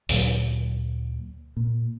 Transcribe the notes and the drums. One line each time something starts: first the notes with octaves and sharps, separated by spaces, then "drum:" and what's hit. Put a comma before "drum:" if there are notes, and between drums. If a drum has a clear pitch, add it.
D2 A#2 F#3, drum: hi-hat
A#2